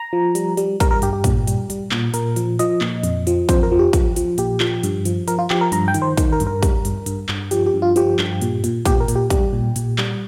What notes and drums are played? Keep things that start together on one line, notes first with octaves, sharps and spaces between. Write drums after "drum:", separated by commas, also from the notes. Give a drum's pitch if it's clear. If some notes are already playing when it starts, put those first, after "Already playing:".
Already playing: A#5
F3
G3, drum: hi-hat
G3, drum: hi-hat
G3 A#4, drum: kick, hi-hat
A#4
G2 G4, drum: hi-hat
G4
A#2, drum: kick, hi-hat
G3, drum: hi-hat
G3, drum: hi-hat
A#2, drum: clap
A#2 A#4, drum: hi-hat
F3, drum: hi-hat
F3 D#5, drum: hi-hat
A#2, drum: clap
F2, drum: hi-hat
F3, drum: hi-hat
F2 C5, drum: kick, hi-hat
A#4
F3
G4
F3, drum: kick, hi-hat
F3, drum: hi-hat
A#2 G4, drum: hi-hat
F3, drum: clap
G2, drum: hi-hat
F3, drum: hi-hat
F3 A#4, drum: hi-hat
F4
F3 G4, drum: clap
A#4
G2 A#5, drum: hi-hat
G5
D#3, drum: hi-hat
C5
D#3, drum: kick, hi-hat
A#4
G2, drum: hi-hat
A#4
G3, drum: kick, hi-hat
G2, drum: hi-hat
G2, drum: hi-hat
G2, drum: clap
F3 G4, drum: hi-hat
G4
G2
F4
F3 G4, drum: hi-hat
G2, drum: clap
A#2, drum: hi-hat
A#2, drum: hi-hat
A#2 G4, drum: kick, hi-hat
A#4
A#2, drum: hi-hat
G4
G3 G4, drum: kick, hi-hat
A#2
A#2, drum: hi-hat
G3, drum: clap